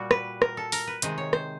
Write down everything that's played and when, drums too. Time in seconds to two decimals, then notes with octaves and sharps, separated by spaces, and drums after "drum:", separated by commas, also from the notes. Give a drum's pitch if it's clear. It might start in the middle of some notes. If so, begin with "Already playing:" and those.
Already playing: A#2 G3 F#4
0.11 B4, drum: rim click
0.42 A#4, drum: rim click
0.57 A4
0.72 A#4, drum: open hi-hat
0.87 B4
1.02 C3 D#3 G#3 C5, drum: hi-hat
1.18 C#5
1.33 C5, drum: rim click